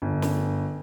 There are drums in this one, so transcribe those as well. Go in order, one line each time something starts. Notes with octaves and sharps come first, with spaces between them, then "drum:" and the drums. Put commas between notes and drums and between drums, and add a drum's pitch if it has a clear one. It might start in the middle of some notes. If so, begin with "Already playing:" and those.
G1
drum: snare